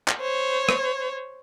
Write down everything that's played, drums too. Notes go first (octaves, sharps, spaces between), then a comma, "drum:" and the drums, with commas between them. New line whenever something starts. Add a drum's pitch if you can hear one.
drum: clap
C5 C#5
drum: rim click